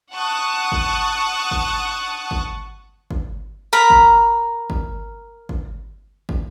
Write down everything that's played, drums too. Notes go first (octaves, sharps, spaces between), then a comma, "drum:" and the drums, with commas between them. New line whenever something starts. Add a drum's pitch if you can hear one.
F#5 A5 C#6 D#6 F#6
drum: kick
drum: kick
drum: kick
drum: kick
A#4 A#5 B5
drum: kick
drum: kick
drum: kick
drum: kick